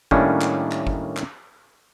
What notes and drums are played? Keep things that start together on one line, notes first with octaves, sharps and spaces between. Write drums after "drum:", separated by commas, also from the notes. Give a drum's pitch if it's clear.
A2 D#3 G3 A#3 C#4 D4, drum: kick G1
drum: clap
drum: clap
drum: kick G1
drum: clap